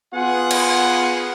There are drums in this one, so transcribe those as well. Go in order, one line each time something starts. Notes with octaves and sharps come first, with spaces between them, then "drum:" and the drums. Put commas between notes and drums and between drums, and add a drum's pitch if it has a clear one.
B3 F4 G#4 F#5
drum: cymbal